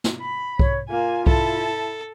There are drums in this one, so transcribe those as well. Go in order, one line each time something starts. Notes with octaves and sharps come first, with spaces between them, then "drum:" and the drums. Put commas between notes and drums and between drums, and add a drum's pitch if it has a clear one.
drum: snare
B5
C#5, drum: kick B1
A#3 F4 G#5
E4 A4 A5, drum: kick B1